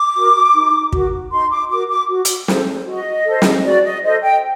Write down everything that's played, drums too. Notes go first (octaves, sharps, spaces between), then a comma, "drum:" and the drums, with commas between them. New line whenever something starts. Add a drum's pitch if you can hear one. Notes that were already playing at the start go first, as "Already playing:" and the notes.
Already playing: D6
F#4 A#4
D#4
F#4 A#4, drum: kick
D#4 C6
D6
F#4 A#4 D6
D6
F#4
drum: hi-hat
A4 C5, drum: snare
F#4 D#5
A4 C5
drum: snare
F#4 D5
D#5
A4 C5 D#5
G5